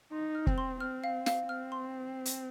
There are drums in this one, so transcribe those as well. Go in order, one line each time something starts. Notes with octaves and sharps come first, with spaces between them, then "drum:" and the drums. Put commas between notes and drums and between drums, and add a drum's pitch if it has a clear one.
D#4 C6
F6
C4, drum: kick
C6
C4 F6
F5
F5, drum: snare
C4 F6
C6
drum: hi-hat